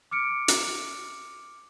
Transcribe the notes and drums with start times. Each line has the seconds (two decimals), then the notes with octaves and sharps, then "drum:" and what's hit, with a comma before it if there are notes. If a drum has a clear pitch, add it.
0.11 D6 F6 C#7 D7
0.48 drum: hi-hat